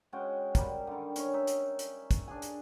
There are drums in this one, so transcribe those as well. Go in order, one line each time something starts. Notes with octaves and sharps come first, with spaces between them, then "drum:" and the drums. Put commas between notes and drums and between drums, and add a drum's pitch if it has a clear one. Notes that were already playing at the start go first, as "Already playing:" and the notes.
G#3 C#4 F#4 G5
G3 A#4, drum: kick, hi-hat
D3 D#3
C#4 C#5, drum: hi-hat
D#4 E5
drum: hi-hat
drum: hi-hat
drum: kick, hi-hat
D4 G#4 G#5
drum: hi-hat